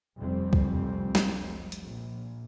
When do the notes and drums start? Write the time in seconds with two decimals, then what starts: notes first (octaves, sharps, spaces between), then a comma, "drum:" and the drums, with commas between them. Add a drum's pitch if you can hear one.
0.21 F1 C2 F2 G3 C4
0.53 drum: kick C2
1.15 drum: snare
1.72 drum: hi-hat
1.81 A#1